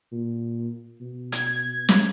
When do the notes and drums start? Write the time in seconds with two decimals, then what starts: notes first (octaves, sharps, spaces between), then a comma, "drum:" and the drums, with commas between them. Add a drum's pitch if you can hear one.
0.12 A#2
1.01 B2
1.32 G#6, drum: hi-hat
1.89 drum: snare